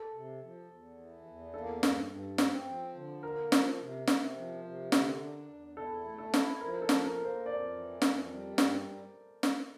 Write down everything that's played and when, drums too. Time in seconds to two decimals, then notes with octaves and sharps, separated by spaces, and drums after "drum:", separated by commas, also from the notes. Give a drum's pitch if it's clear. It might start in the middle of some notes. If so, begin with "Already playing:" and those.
Already playing: A4
0.13 C3
0.42 F3
0.69 E2
0.98 E3
1.26 E2
1.54 A#3 A4
1.83 G2, drum: snare
2.10 G2
2.38 C4, drum: snare
2.67 F3
2.95 D3
3.23 A#3 A#4
3.52 F3, drum: snare
3.80 C3
4.07 C3, drum: snare
4.35 F3
4.64 C3
4.92 D3, drum: snare
5.20 D4
5.49 E2
5.77 E4 A4
6.05 A3
6.18 A4
6.34 E4, drum: snare
6.61 F3 A#4
6.82 A4
6.89 F3, drum: snare
7.04 A#4
7.18 A#3
7.25 C5
7.46 F2 D5
7.73 E3
8.02 F2, drum: snare
8.31 G3
8.58 G2, drum: snare
9.43 drum: snare